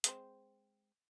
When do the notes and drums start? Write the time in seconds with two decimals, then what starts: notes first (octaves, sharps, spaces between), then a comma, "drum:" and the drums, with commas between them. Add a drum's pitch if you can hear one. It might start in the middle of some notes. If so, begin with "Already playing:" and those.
0.04 G#3 C4 C5, drum: hi-hat